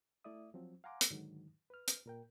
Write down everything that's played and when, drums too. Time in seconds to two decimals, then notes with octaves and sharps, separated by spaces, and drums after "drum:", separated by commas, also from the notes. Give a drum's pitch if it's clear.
0.24 A3 E4 D5 E5 D#6
0.54 F3 F#3 C4
0.84 F5 F#5 G#5 A#5 C6 D6
1.01 drum: hi-hat
1.11 G#2 D3 D#3 F#3
1.70 B4 F6
1.88 drum: hi-hat
2.06 A#2 A#4 G5